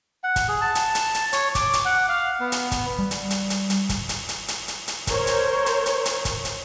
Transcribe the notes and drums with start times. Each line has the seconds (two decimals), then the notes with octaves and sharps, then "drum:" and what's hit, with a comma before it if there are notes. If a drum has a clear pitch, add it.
0.24 F#5
0.36 drum: kick, hi-hat
0.48 G#4
0.61 A5
0.75 drum: hi-hat
0.95 drum: hi-hat
1.14 drum: hi-hat
1.33 C#5, drum: hi-hat
1.55 D6, drum: kick, hi-hat
1.73 drum: hi-hat
1.85 F#5
2.09 F5
2.40 B3
2.52 drum: hi-hat
2.72 drum: kick, hi-hat
2.98 G3
3.11 drum: hi-hat
3.30 drum: hi-hat
3.50 drum: hi-hat
3.70 drum: hi-hat
3.89 drum: kick, hi-hat
4.09 drum: hi-hat
4.29 drum: hi-hat
4.48 drum: hi-hat
4.68 drum: hi-hat
4.88 drum: hi-hat
5.07 A#4 C5 C#5, drum: kick, hi-hat
5.27 drum: hi-hat
5.66 drum: hi-hat
5.86 drum: hi-hat
6.05 drum: hi-hat
6.25 drum: kick, hi-hat
6.45 drum: hi-hat